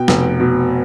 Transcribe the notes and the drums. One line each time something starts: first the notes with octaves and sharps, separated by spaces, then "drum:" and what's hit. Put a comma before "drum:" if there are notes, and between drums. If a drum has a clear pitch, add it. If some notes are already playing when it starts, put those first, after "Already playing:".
Already playing: B2 G5
F1, drum: snare
B2